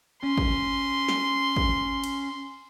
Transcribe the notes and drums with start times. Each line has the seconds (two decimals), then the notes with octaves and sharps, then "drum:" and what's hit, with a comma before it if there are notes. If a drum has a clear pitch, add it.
0.24 C#4 C6
0.38 drum: kick
1.09 drum: snare
1.56 drum: kick
2.04 drum: cymbal